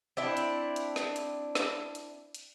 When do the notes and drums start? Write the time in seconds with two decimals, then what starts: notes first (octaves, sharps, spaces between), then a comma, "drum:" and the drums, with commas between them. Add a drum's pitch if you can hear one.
0.17 C4 D4 E4
0.37 drum: hi-hat
0.76 drum: hi-hat
0.96 drum: snare
1.16 drum: hi-hat
1.55 drum: snare
1.95 drum: hi-hat
2.35 drum: hi-hat